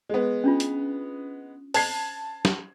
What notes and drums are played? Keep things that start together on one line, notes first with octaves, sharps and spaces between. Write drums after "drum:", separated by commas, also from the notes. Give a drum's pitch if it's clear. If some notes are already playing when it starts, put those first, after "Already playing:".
G#3 B3
C#4 D4 F4
drum: hi-hat
C5 A5 G#6 C7, drum: open hi-hat
drum: snare